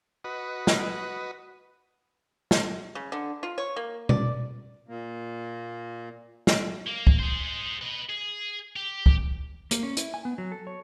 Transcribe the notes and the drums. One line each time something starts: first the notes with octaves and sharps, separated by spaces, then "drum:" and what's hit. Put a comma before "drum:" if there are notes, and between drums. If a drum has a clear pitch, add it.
F#4 B4 D#5
drum: snare
drum: snare
C#3
D3
F4
C#5
A#3
D5, drum: tom B2
A#2 A#3
drum: snare
A#3
drum: kick
G#4 C5
B4 D#5
G#4
G4
drum: kick
A#3, drum: hi-hat
C#4
E4, drum: hi-hat
G#5
B3
F#3
A4
C#5